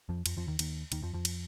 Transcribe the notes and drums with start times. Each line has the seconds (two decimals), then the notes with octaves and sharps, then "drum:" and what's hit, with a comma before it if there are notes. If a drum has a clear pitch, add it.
0.09 F2 F3
0.26 F2 F3, drum: cymbal
0.37 F2 F3
0.47 D#2 D#3
0.59 D#2 D#3, drum: cymbal
0.92 D#2 D#3, drum: cymbal
1.02 F2 F3
1.14 F2 F3
1.25 drum: cymbal